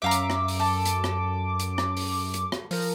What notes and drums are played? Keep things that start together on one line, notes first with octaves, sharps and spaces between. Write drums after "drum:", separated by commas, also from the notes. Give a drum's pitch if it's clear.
F#2 E5 F5 A#5 D6
drum: hi-hat
drum: rim click
drum: open hi-hat
A4
drum: hi-hat
drum: rim click
drum: hi-hat
drum: rim click
drum: open hi-hat
drum: hi-hat
drum: rim click
F3 A#4, drum: open hi-hat